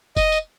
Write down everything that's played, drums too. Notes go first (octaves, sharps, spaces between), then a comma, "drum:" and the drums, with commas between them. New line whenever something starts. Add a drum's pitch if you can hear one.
D#5, drum: kick F1, tambourine
drum: tambourine